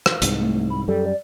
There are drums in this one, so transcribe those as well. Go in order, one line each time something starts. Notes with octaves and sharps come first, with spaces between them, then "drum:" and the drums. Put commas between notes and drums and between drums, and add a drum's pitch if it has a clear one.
drum: rim click
C2 G#2, drum: hi-hat
A3
B5
F#2 G3 A4
D5